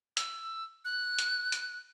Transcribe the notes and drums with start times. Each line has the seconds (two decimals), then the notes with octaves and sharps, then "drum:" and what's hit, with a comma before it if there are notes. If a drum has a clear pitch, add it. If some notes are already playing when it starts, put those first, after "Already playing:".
0.17 E6, drum: hi-hat
0.85 F#6
1.19 drum: hi-hat
1.52 drum: hi-hat